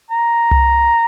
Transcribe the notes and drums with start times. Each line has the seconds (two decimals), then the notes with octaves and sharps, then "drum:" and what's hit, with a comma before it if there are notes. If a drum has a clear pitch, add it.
0.11 A#5
0.51 drum: tom C2